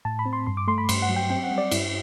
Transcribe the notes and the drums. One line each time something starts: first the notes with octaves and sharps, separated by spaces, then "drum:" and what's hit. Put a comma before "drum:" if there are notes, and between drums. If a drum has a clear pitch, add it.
A2 A5
B5
C4
C6
G2 C6
D6
A3 C6
B5
G2 C6, drum: cymbal
F#5
F#3
G5
C4 G5
F#5
G3
D5
G2 E4, drum: cymbal